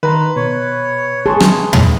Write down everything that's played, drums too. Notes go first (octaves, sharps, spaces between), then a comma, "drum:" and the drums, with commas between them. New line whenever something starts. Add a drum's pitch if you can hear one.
D#3 B4 A#5 C6
B2 C#5
G#4 A5 C6 C#6
drum: rim click
drum: tom